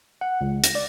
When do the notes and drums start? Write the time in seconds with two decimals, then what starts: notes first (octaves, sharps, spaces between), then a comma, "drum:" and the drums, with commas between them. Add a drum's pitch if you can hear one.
0.21 F#5
0.41 C#2
0.64 A#6, drum: hi-hat
0.75 D5